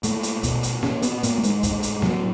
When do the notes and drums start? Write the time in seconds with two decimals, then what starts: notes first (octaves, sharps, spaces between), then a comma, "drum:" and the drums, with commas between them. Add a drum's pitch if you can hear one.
0.03 A#2 A3, drum: hi-hat
0.23 drum: hi-hat
0.43 B2, drum: kick, hi-hat
0.63 drum: hi-hat
0.83 A#2 C#4, drum: snare A#3
1.02 B3, drum: hi-hat
1.23 A2 A#3, drum: hi-hat
1.38 A3
1.43 G#3, drum: hi-hat
1.63 A2, drum: kick, hi-hat
1.83 drum: hi-hat
2.02 A2 F#3, drum: snare A#3